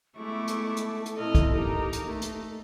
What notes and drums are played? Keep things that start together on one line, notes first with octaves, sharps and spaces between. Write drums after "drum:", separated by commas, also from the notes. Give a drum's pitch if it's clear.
G#3 A3 B3 E4 A4 C#6 D6
drum: hi-hat
drum: hi-hat
drum: hi-hat
A#2 C4 E4 D#5 F6
drum: kick, hi-hat
A#3 D#4 G4 A#4 A#5
drum: hi-hat
A3 D#4
drum: hi-hat